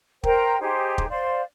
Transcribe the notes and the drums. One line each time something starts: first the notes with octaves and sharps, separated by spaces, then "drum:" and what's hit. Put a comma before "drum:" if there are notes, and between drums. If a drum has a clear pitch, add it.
A#4 C5 G5 A#5, drum: kick
D#4 G4 G#4 C5
drum: kick
C5 D5 F5